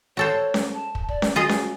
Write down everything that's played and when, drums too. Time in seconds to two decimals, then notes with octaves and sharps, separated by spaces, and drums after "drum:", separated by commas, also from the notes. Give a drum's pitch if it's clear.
0.17 F#4 A4 C5 C#5
0.54 drum: snare C#4
0.74 A5
0.95 drum: kick
1.09 D5, drum: kick
1.22 drum: snare C#4
1.36 F4 F#4 G#4 D#5
1.49 drum: snare C#4